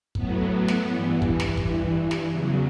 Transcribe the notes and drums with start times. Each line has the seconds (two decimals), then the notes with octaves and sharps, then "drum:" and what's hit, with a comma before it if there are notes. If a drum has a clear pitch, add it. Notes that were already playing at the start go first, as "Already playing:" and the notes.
0.15 A2 F#3 B3, drum: kick
0.68 drum: snare
0.87 G2 E3
1.22 drum: kick
1.40 drum: snare
1.57 G2 E3, drum: kick
2.11 drum: snare
2.29 E2 C#3 F#3